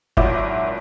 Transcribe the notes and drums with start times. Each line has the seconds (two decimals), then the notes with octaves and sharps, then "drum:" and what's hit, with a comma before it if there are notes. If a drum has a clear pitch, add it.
0.17 G#1 A#2 F#3 E4 F4 D6, drum: kick